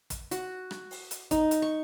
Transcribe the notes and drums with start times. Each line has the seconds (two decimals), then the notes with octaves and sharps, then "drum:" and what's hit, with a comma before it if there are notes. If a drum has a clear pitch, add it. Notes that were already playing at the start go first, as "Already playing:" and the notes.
0.10 drum: kick, hi-hat
0.31 F#4, drum: hi-hat
0.71 drum: rim click
0.91 drum: open hi-hat
1.11 drum: hi-hat
1.31 D#4, drum: kick, hi-hat
1.51 drum: hi-hat
1.62 C#6